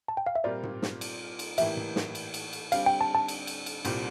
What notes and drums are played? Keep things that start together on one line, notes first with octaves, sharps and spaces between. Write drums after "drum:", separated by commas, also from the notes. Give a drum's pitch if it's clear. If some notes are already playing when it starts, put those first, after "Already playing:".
A5
G5
F5
E5
A#2 G3 C4 F4 A#4 D5
drum: tom G#2
drum: snare
drum: cymbal
drum: cymbal
A2 E3 A#3 E4 G4 E5, drum: cymbal
drum: tom G#2
drum: snare
drum: cymbal
drum: cymbal
drum: cymbal
D3 G3 C4 F5, drum: cymbal
G5
A5
A5
drum: cymbal
drum: cymbal
drum: cymbal
C2 A#2 G3 C4, drum: cymbal